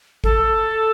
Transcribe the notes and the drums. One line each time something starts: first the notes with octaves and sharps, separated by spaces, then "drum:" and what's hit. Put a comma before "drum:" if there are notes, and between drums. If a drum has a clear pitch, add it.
A4, drum: kick